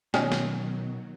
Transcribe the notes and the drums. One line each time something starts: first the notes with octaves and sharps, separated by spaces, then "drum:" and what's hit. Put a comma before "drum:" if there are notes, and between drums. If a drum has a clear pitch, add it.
B2 D#3 F#3 C#4 D#4 C#5, drum: snare
drum: snare